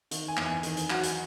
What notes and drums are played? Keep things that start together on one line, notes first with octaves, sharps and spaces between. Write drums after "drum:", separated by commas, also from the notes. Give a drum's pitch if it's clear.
D#3, drum: hi-hat
G#5
E2, drum: clap
G#5
D#3, drum: hi-hat
drum: hi-hat
F#3 F#5, drum: clap
drum: hi-hat